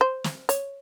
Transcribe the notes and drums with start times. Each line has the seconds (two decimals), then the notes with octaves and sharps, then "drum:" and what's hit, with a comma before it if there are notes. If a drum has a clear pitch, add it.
0.01 C5
0.24 drum: snare
0.49 C#5, drum: hi-hat